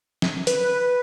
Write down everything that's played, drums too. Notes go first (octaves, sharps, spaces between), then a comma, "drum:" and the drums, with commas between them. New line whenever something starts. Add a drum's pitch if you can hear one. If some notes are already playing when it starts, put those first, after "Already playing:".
drum: snare
B4, drum: hi-hat